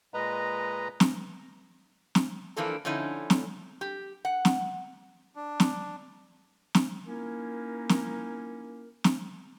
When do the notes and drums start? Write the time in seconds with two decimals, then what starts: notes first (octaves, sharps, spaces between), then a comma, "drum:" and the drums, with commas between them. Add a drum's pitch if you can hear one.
0.14 A#2 G#3 B4 D#5 A#5
1.00 drum: snare
2.15 drum: snare
2.57 E3 F3 A#3 D4 A4
2.85 D3 F3 C#4 D#4 E4
3.30 drum: snare
3.81 G4
4.25 F#5
4.45 drum: snare
5.36 D4
5.60 drum: snare
6.75 drum: snare
7.06 A#3 C#4 D#4 E4 A#4
7.89 drum: snare
9.04 drum: snare